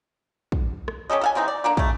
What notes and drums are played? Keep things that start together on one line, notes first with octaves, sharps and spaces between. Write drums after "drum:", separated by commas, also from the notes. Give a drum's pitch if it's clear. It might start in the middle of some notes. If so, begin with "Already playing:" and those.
drum: kick
drum: rim click
C#4 G4 A4 D#5
A4 F5 G#5
C3 E3 C4 D#4
D5
D3 A#3 D4
G#3 A3, drum: kick